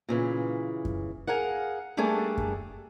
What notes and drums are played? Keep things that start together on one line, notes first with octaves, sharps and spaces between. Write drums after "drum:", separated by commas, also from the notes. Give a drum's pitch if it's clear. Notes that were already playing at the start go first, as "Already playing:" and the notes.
A#2 C#3 E3
drum: kick F#2
G#4 A#4 F5 F#5
G3 A3 A#3 D4 G#4 A4
drum: kick F#2